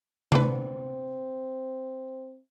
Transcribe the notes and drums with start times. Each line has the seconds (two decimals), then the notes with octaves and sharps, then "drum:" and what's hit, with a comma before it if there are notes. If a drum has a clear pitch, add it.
0.32 C4 D4 B4, drum: tom C3